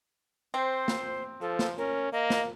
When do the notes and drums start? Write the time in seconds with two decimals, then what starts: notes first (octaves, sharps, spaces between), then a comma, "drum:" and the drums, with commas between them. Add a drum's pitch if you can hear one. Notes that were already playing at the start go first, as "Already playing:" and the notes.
0.54 C4 C5
0.88 drum: snare
1.41 F3 A4
1.59 drum: snare
1.78 C#4 A#4
2.12 A#3 D#5
2.30 drum: snare